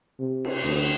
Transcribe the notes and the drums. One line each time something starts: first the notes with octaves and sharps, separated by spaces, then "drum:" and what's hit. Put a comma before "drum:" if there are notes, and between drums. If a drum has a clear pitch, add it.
C3
drum: cymbal
D2